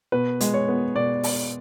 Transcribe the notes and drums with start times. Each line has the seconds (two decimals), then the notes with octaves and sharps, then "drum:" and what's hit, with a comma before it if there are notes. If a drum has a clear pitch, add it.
0.12 B2 B4
0.41 G#3, drum: hi-hat
0.54 C#5
0.69 B3
0.95 B2 D5
1.23 drum: open hi-hat